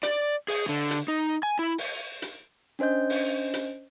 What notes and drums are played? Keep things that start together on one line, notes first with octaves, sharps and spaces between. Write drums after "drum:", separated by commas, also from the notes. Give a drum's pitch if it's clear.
D5, drum: hi-hat
G#4, drum: open hi-hat
D3
drum: hi-hat
D#4
G#5
E4
drum: open hi-hat
drum: hi-hat
C#4 D4 C5 D#5 G6
drum: open hi-hat
drum: hi-hat